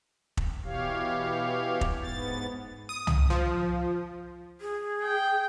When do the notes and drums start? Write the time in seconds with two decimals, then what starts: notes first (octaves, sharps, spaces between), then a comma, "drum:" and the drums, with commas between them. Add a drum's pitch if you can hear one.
0.37 drum: kick
0.64 B2 E3 G4 C#5 F5
1.81 drum: kick
2.01 G#2 B3 A6
2.89 D#6
3.07 drum: tom
3.30 F3
4.61 G#4
5.04 G5